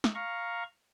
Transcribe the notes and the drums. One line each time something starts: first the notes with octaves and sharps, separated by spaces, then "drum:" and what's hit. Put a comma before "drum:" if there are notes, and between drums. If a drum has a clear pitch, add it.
drum: snare
F5 A#5 C#6